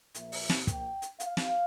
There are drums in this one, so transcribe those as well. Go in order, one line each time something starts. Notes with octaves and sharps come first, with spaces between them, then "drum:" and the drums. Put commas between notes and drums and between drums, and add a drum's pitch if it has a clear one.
A#1 A#2 F3 A#3 E5, drum: hi-hat
drum: open hi-hat
drum: snare
G5, drum: kick, hi-hat
drum: hi-hat
F5, drum: hi-hat
drum: snare